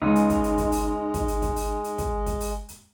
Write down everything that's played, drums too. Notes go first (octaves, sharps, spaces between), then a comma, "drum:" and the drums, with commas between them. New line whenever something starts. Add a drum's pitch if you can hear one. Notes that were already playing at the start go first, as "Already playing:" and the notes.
C#2 G#3 D#4
drum: hi-hat
drum: kick, hi-hat
drum: hi-hat
drum: kick, hi-hat
drum: open hi-hat
drum: kick, hi-hat
drum: hi-hat
drum: kick, hi-hat
drum: open hi-hat
drum: hi-hat
drum: kick, hi-hat
drum: kick, hi-hat
drum: open hi-hat
drum: hi-hat